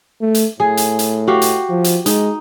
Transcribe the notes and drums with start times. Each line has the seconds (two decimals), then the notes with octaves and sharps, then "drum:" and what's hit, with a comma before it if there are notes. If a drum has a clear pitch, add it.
0.21 A3
0.35 drum: hi-hat
0.60 A2 G#4
0.77 drum: hi-hat
0.99 drum: hi-hat
1.28 F#4 G4 F5
1.42 drum: hi-hat
1.69 F3
1.84 drum: hi-hat
2.06 G#3 D#4, drum: hi-hat